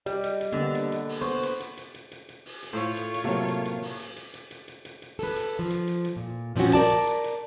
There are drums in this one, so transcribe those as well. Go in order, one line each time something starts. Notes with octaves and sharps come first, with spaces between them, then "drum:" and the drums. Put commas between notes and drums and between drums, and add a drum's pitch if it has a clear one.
G3 G4 D#5, drum: hi-hat
drum: hi-hat
drum: hi-hat
D3 A#3 B3
drum: hi-hat
drum: hi-hat
drum: open hi-hat
B3 C5 C#6
drum: hi-hat
drum: hi-hat
drum: hi-hat
drum: hi-hat
drum: hi-hat
drum: hi-hat
drum: open hi-hat
drum: hi-hat
A2 F4 C5 C#5
drum: hi-hat
drum: hi-hat
C3 F#3 A3 A#3
drum: hi-hat
drum: hi-hat
drum: open hi-hat
drum: hi-hat
drum: hi-hat
drum: hi-hat
drum: hi-hat
drum: hi-hat
drum: hi-hat
drum: hi-hat
A4 B4, drum: open hi-hat
drum: hi-hat
F3
drum: hi-hat
drum: hi-hat
drum: hi-hat
A#2
A#2 F3 C4 C#4 F#4, drum: open hi-hat
A#4 D5 A5
drum: hi-hat
drum: hi-hat
drum: hi-hat